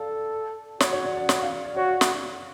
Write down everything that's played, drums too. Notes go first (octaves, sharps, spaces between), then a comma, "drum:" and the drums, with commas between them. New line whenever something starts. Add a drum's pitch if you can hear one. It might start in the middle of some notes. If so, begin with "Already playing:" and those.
Already playing: A4 D5 F5
F#4 C#5, drum: snare
C#5
D5
D5
C#5, drum: snare
F5
D5
D5
F#4 C#5
drum: snare